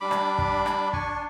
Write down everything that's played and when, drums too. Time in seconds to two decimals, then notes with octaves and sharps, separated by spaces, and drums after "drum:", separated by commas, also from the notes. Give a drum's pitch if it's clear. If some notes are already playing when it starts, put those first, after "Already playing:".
0.01 G3 D4 B5 D6
0.11 drum: rim click
0.38 drum: kick
0.66 drum: rim click
0.93 G#5 C#6, drum: kick